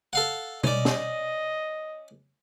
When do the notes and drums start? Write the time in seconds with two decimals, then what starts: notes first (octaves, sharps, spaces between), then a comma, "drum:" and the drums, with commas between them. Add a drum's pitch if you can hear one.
0.13 A4 F5 F#5
0.64 C#4 D5 D#5, drum: tom B2
0.85 drum: snare